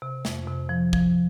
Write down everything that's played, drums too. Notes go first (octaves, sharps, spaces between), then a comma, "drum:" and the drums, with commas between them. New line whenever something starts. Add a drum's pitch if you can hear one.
C3
F2, drum: snare
C3
F3
F3, drum: kick